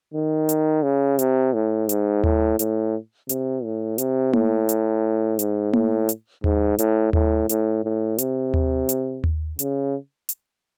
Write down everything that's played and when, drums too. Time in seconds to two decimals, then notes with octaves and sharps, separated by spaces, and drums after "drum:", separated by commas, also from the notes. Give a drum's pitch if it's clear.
0.14 D#3
0.49 drum: hi-hat
0.83 C#3
1.19 C3, drum: hi-hat
1.54 A2
1.89 G#2, drum: hi-hat
2.24 A2, drum: tom D#2
2.59 A2, drum: hi-hat
3.29 C3, drum: hi-hat
3.64 A2
3.98 C3, drum: hi-hat
4.33 A2, drum: tom A#3
4.69 drum: hi-hat
5.39 G#2, drum: hi-hat
5.73 A2, drum: tom A#3
6.09 drum: hi-hat
6.44 G#2, drum: tom D#2
6.79 A2, drum: hi-hat
7.13 A2, drum: tom D#2
7.49 A2, drum: hi-hat
7.84 A2
8.18 C3, drum: hi-hat
8.54 drum: tom D#2
8.89 drum: hi-hat
9.24 drum: tom D#2
9.59 C#3, drum: hi-hat
10.29 drum: hi-hat